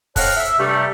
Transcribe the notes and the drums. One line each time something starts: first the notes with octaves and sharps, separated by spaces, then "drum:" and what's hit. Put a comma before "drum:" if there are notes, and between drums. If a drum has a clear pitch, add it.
C4 A4 C#5 D#5 F5 F#5, drum: kick, open hi-hat
E5
G2 C3 G3 A3